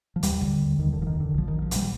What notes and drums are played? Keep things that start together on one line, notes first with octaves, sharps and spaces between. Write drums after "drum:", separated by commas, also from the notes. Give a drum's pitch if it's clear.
F3
D#2 G3, drum: hi-hat
D3, drum: kick
D#2
D#2 D#3
D3
F1 F3
D#3
F1 D3
A#1 F3
D#3
A#1
F3
A#2 G3, drum: hi-hat